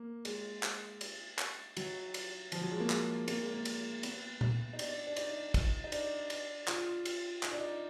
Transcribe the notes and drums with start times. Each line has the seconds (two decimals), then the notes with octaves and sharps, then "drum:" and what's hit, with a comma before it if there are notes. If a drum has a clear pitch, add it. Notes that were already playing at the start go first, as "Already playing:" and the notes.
Already playing: A#3
0.25 G#3, drum: cymbal
0.63 drum: clap
1.01 drum: cymbal
1.39 drum: clap
1.77 F#3, drum: cymbal
2.14 drum: cymbal
2.52 F3, drum: cymbal
2.61 F#3
2.71 G#3
2.80 A#3
2.90 G#3, drum: clap
3.28 A#3, drum: cymbal
3.41 G#3
3.54 A#3
3.65 drum: cymbal
4.03 B3, drum: cymbal
4.41 drum: tom A#2
4.73 D#4
4.79 D4, drum: cymbal
5.07 D4
5.16 D#4, drum: cymbal
5.54 drum: kick, cymbal
5.84 D#4
5.92 D4, drum: cymbal
6.30 drum: cymbal
6.68 F4, drum: clap
7.05 drum: cymbal
7.43 D#4, drum: clap
7.52 D4
7.60 D#4